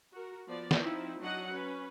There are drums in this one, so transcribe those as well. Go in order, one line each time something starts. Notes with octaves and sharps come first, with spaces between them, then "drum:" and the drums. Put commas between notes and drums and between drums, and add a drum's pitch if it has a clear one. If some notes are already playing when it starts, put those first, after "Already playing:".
F#4 A#4
F3 B3 D5
drum: snare
F3 C4 D#4 E4
F#3 D4 D#5 F#5
C#4 B4